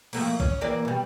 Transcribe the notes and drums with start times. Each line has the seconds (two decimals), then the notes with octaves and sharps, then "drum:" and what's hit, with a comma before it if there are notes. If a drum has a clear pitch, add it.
0.13 F3 A3 A#3, drum: cymbal
0.40 C#4, drum: kick A#1
0.61 E3 A#3 D5
0.85 B2 G3